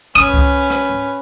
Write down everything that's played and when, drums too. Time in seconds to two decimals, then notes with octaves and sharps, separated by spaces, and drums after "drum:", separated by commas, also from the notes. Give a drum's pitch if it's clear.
0.16 C#4 B4 D#6
0.34 drum: kick C#2
0.70 drum: rim click